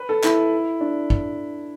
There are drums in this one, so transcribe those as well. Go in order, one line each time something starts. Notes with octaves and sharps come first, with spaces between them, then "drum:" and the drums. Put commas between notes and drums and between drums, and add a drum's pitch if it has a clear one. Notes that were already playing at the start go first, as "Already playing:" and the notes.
Already playing: B4
A4
E4, drum: clap
D4
drum: kick